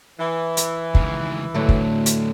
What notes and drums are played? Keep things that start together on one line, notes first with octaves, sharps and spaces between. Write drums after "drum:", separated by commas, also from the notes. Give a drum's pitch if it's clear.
E3
drum: hi-hat
C#2 D#3, drum: kick
D2 A2 D3 F#3 A3
drum: kick
drum: hi-hat